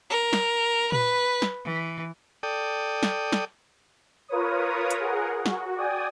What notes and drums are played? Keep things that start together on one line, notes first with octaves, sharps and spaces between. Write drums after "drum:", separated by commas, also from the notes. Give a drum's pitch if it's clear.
A#4
drum: snare
B4, drum: tom A#2
drum: snare
E3
A4 D5 G5 D#6
drum: snare
drum: snare
F4 A#4 B4 C#5 D#6
drum: hi-hat
G#4 A#4 F#5
F#4, drum: snare
D5 G5 G#5 D#6